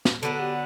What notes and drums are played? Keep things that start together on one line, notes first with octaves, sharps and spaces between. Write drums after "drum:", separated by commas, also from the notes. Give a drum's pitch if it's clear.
drum: snare
D3 F#3 B3 D4 A4
A4
G4